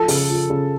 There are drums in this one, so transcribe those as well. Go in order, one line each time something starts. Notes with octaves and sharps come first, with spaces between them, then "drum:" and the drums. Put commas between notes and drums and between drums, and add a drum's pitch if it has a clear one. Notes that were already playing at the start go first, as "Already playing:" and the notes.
Already playing: F3 A4
C#3, drum: open hi-hat
F3
C#3